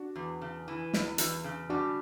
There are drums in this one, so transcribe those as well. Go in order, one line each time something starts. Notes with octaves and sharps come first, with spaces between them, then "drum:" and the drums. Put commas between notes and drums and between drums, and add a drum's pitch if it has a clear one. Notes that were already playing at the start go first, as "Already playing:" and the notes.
Already playing: D4 F#4
E2
C#3
E3
E2, drum: snare
E2, drum: hi-hat
C#3
G3 D4 F#4